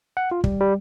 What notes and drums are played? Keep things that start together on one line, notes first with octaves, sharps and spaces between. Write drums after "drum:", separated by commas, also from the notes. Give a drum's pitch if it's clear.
F#5
F4
G3, drum: kick
G3